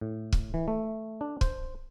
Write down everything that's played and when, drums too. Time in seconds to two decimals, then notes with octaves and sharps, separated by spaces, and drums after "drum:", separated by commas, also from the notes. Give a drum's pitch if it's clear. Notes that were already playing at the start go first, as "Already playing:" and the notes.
0.01 A2
0.32 drum: kick
0.54 E3
0.68 A3
1.21 D4
1.41 C5, drum: kick